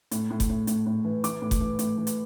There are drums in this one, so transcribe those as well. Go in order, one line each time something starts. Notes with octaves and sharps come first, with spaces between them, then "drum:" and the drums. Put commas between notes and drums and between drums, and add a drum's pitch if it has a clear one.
A2, drum: hi-hat
A2
drum: kick F#1, hi-hat
A2
A2, drum: hi-hat
A2
E3
E3 D6, drum: hi-hat
A2
drum: kick F#1, hi-hat
E3
A2, drum: hi-hat
E3
drum: hi-hat